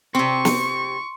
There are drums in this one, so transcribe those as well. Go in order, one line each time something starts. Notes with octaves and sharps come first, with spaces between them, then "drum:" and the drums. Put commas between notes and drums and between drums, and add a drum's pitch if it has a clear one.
C3 C4 C6 C#6
drum: snare